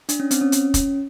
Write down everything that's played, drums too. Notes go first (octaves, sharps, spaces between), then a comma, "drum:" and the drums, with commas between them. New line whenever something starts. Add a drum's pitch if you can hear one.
D4, drum: hi-hat
C#4
C4, drum: hi-hat
C#4
drum: hi-hat
drum: kick E1, hi-hat